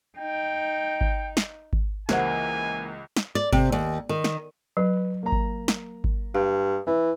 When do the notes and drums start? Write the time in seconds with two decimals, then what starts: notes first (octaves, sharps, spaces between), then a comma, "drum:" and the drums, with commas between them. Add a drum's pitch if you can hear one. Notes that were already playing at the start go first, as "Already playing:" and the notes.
0.18 D#4 G5
1.01 drum: kick G#1
1.37 drum: snare
1.73 drum: kick G#1
2.09 C#2 E3 A#3 G4 C5 F#5 G#5 G#6, drum: snare
3.17 drum: snare
3.35 D5
3.52 C3, drum: kick G#1
3.72 D#2
4.09 D#3
4.24 drum: snare
4.77 F#3 B4
5.23 A#3 A#5
5.32 drum: kick G#1
5.68 drum: snare
6.04 drum: kick G#1
6.35 G2 F5
6.87 E3 E4